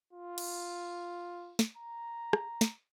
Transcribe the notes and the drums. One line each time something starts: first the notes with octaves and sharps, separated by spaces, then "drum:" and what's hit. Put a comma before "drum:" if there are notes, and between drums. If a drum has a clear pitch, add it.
F4
drum: cymbal
drum: snare
A#5
drum: rim click
drum: snare